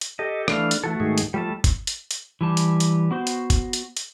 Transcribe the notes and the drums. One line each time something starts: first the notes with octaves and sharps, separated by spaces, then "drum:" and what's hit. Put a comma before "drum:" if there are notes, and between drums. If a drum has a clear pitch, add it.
drum: hi-hat
G4 A4 D#5
E3 A3 D4 F5, drum: rim click
drum: hi-hat
E3 A3 F#4 A4
G#2 D#3 G#4
drum: hi-hat
F3 G3 A3 A5
drum: kick, hi-hat
drum: hi-hat
drum: hi-hat
E3 G3 A5
drum: hi-hat
drum: hi-hat
B3 F#4 C5
drum: hi-hat
drum: kick, hi-hat
drum: hi-hat
drum: hi-hat